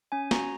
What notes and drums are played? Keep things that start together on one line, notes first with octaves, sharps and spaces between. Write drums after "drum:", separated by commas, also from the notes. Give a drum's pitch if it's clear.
C#4 G#5
F#4 A#5, drum: snare